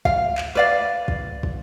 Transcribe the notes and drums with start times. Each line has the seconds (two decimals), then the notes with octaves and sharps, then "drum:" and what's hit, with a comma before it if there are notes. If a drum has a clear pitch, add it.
0.05 F5, drum: kick
0.38 drum: clap
0.55 B4 D5 F5
1.08 drum: kick
1.43 drum: kick